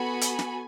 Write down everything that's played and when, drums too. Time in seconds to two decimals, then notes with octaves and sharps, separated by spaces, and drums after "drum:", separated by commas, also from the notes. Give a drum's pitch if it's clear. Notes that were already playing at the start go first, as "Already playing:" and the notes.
Already playing: B3 F#4 A4 G#5 B5
0.21 drum: hi-hat
0.39 drum: snare